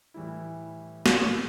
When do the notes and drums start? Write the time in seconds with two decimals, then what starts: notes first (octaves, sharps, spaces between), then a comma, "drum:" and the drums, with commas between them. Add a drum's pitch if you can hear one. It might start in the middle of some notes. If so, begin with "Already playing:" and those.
0.14 A2 E3 G3 E4
1.06 drum: snare